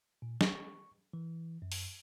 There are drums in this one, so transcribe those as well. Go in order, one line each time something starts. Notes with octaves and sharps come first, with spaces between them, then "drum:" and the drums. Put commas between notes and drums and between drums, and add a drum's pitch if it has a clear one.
A#2
C#6, drum: snare
E3
F#2
drum: open hi-hat